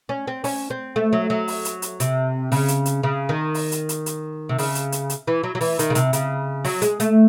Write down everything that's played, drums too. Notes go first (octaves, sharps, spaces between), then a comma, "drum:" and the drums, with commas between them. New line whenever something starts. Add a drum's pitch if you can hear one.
C#4
C4
C#4, drum: open hi-hat
C4
A3
F#3
F#3
drum: open hi-hat
drum: hi-hat
drum: hi-hat
C3, drum: hi-hat
C#3, drum: open hi-hat
drum: hi-hat
drum: hi-hat
C#3
D#3
drum: open hi-hat
drum: hi-hat
drum: hi-hat
drum: hi-hat
C3
C#3, drum: open hi-hat
drum: hi-hat
drum: hi-hat
drum: hi-hat
E3
F#3
F#3
E3, drum: open hi-hat
D#3, drum: hi-hat
C#3
C3, drum: hi-hat
C#3, drum: hi-hat
F#3, drum: open hi-hat
G#3, drum: hi-hat
A3, drum: hi-hat